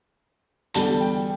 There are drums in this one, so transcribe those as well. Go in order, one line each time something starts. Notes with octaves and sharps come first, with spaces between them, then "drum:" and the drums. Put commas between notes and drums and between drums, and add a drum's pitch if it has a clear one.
E2 D3 G3 A5, drum: hi-hat
G5